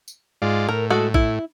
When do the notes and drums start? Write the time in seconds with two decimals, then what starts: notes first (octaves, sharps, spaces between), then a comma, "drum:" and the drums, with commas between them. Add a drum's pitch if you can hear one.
0.08 drum: tambourine
0.42 G#2 F4 D5
0.69 A2 A#4
0.90 G#3 F#4 A4
1.14 E4, drum: kick